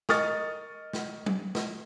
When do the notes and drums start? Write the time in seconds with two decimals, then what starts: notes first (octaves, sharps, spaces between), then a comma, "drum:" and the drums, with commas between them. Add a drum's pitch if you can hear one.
0.09 A#4 D#5 C#6 D#6 F6 A6, drum: snare
0.93 drum: snare
1.26 drum: tom F#3
1.55 drum: snare